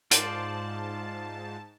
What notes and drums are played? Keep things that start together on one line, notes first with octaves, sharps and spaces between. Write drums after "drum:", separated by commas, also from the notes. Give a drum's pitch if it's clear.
G#2 F4 C5 D5 A5, drum: hi-hat